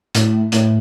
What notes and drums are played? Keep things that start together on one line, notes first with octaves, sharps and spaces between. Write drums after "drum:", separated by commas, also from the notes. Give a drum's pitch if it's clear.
A2, drum: hi-hat
A2, drum: hi-hat